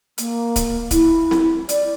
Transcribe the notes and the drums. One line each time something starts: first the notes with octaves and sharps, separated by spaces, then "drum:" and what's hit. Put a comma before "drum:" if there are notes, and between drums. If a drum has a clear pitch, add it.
A#3, drum: hi-hat
drum: kick C#1, hi-hat
E4, drum: kick C#1, hi-hat
drum: snare C4
D5, drum: hi-hat